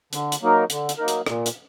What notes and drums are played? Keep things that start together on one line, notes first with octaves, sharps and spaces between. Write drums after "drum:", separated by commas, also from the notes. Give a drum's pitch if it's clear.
D3, drum: hi-hat
drum: hi-hat
F#3 A#3 D#4 A#4
D3, drum: hi-hat
drum: hi-hat
F#3 A#3 D#4 A#4
drum: hi-hat
A#2, drum: rim click
drum: hi-hat